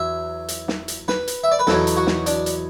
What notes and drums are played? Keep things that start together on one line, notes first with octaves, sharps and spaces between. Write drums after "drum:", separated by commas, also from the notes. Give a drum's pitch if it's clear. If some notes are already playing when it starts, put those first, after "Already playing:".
Already playing: E2 F#3 E5
drum: hi-hat
drum: snare
drum: hi-hat
B4, drum: snare
drum: hi-hat
E5
D5
B4
E2 B2 F#3 A4, drum: snare
drum: hi-hat
F#4
drum: snare
D4, drum: hi-hat
drum: hi-hat